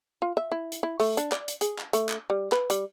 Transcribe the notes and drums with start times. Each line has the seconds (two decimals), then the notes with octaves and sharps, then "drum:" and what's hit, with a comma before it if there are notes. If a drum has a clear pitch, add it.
0.22 F4
0.37 E5
0.52 E4
0.72 drum: hi-hat
0.83 E4
1.00 A3, drum: open hi-hat
1.17 D4, drum: hi-hat
1.32 D5, drum: clap
1.48 drum: hi-hat
1.61 G#4, drum: hi-hat
1.78 drum: clap
1.93 A3, drum: hi-hat
2.09 drum: clap
2.30 G3
2.52 B4, drum: clap
2.70 G3, drum: hi-hat